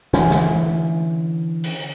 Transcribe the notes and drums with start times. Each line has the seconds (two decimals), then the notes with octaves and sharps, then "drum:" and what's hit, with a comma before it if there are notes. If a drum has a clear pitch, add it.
0.13 D3 E3 C#4, drum: snare
0.30 drum: snare
1.64 drum: open hi-hat